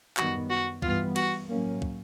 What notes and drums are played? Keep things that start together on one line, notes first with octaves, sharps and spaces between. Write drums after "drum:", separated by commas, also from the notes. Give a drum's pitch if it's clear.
F#2 D#3 G3 B3 F#4, drum: clap
F#4
G2 E3 G3 B3 F4, drum: kick
F#4, drum: cymbal
A2 F#3 A#3 C#4
drum: kick